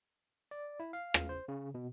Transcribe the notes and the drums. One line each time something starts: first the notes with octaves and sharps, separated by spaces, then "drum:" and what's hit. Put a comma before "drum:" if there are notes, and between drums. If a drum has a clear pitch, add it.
D5
E4
F5
drum: rim click
C5
C#3
B2